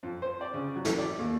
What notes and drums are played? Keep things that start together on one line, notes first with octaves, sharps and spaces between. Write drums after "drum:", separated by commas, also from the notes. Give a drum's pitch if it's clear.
F2
C5
D5
C#3
F#3
drum: snare
D5
D#2